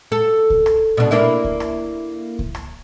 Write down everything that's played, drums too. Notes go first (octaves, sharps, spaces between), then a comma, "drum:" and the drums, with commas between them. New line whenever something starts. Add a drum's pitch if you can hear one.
A4
drum: kick C#2
drum: rim click
B2 D4
A#3 D4 E4
drum: kick C#2
drum: rim click
drum: kick C#2
drum: rim click